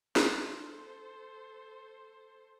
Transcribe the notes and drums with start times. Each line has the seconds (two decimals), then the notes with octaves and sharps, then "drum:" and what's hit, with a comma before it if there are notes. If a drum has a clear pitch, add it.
0.16 A4 C5, drum: snare